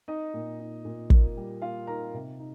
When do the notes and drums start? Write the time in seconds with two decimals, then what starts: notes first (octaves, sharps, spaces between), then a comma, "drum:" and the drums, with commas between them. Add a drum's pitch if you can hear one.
0.08 D#4 D#5
0.34 A#2
0.59 D#4
0.85 A#2
1.10 A#3, drum: kick
1.37 G3
1.62 A#3 F4 F5
1.87 D#4 A#4 A#5
2.14 C3
2.39 D#4